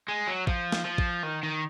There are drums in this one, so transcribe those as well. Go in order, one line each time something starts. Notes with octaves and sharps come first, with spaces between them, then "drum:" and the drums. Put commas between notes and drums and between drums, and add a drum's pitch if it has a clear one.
G#3
F#3
F3, drum: kick A1
drum: snare
F3
drum: kick A1
D#3
D#3